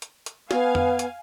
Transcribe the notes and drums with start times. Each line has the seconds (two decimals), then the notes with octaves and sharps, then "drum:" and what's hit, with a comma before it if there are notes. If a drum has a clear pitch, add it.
0.02 drum: hi-hat
0.26 drum: hi-hat
0.51 B3 F5 G#5, drum: snare
0.75 drum: tom F2
0.99 drum: hi-hat